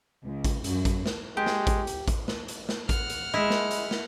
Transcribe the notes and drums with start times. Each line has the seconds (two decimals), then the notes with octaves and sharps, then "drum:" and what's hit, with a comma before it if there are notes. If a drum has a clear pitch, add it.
0.24 C#2
0.44 drum: kick A1, hi-hat
0.64 F#2, drum: hi-hat
0.85 drum: kick A1, hi-hat
1.06 drum: snare
1.37 G#3 G4
1.46 drum: snare
1.67 drum: kick A1, hi-hat
1.87 drum: hi-hat
2.08 drum: kick A1, hi-hat
2.28 drum: snare
2.48 drum: hi-hat
2.69 drum: snare
2.89 F#5 F6, drum: kick A1, hi-hat
3.10 drum: hi-hat
3.34 G#3 E4 D#5
3.50 drum: snare
3.71 drum: hi-hat
3.91 drum: snare